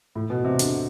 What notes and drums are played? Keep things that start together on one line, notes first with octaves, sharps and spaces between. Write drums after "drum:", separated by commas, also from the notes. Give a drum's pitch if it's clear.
A2
B2
C3
D3, drum: hi-hat